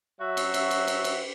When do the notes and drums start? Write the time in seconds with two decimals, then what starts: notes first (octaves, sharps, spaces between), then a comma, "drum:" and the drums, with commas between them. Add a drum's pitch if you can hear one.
0.20 F#3 F#4 E5
0.37 drum: cymbal
0.54 drum: cymbal
0.71 drum: cymbal
0.88 drum: cymbal
1.04 drum: cymbal